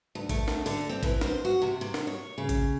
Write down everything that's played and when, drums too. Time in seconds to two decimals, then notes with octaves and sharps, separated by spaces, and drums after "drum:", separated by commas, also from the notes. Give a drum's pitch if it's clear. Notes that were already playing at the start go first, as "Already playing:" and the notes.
0.15 D2
0.29 A3, drum: kick G#1, hi-hat
0.48 drum: snare
0.66 D3, drum: open hi-hat
0.89 C4
1.03 E3, drum: kick G#1, hi-hat
1.21 C5, drum: snare
1.45 F#4
1.62 C3
1.81 C3
1.94 drum: snare
2.07 C#5
2.38 C#3
2.49 drum: kick G#1, hi-hat